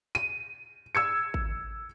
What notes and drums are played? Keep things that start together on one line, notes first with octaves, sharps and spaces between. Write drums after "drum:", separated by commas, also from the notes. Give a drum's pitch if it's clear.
D#7
E6 G#6 C#7
drum: kick G#1